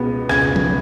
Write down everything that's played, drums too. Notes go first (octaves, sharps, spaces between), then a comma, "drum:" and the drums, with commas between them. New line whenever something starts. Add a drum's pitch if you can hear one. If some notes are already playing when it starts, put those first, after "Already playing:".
Already playing: C#2 B2 G#3 B3
C#2 G#6, drum: rim click
drum: tom F3